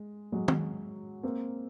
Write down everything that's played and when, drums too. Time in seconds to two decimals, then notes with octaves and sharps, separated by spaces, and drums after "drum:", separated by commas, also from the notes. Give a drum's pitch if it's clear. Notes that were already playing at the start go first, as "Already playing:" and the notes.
Already playing: G#3
0.32 F#3 G#3
0.48 drum: tom
1.23 A#3 C4